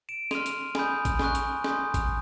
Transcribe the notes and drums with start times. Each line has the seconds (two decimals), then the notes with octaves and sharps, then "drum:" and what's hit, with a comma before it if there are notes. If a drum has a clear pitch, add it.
0.09 D7 E7
0.31 C6 F6 D#7 F7, drum: snare
0.46 drum: hi-hat
0.75 G#5 B5 D#6 G6, drum: snare
1.05 drum: kick A1, hi-hat
1.19 G#5 C#6 F#6, drum: snare
1.35 drum: hi-hat
1.64 G#5 C6 D#6 G6, drum: snare
1.94 drum: kick A1, hi-hat